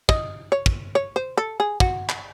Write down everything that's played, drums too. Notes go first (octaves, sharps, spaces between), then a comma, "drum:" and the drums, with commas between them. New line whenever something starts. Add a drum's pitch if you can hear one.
D#5, drum: kick
C#5
drum: kick
C#5
C5
A4
G#4
F#4, drum: kick
drum: clap